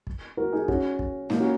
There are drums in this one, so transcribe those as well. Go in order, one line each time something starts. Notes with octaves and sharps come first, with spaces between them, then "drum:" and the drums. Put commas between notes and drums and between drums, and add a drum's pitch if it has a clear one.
drum: kick
F#4 A#4
D#4 G#4
C#4 F#4, drum: kick
drum: kick
A#3 D#4, drum: snare
C#4 F#4